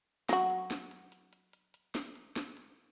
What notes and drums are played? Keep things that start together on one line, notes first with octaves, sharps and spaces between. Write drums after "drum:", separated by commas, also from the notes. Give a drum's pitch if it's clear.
F#3 F#4, drum: snare
drum: hi-hat
drum: snare
drum: hi-hat
drum: hi-hat
drum: hi-hat
drum: hi-hat
drum: hi-hat
drum: snare
drum: hi-hat
drum: snare
drum: hi-hat